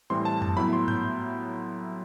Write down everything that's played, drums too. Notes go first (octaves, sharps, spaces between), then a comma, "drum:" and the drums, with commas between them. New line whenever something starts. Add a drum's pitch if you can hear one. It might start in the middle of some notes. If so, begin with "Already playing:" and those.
A2 E3 G3 C4 C6
A5
A5, drum: tom F2
A2 F#3 B3 E4 B5
C6
G6, drum: tom G2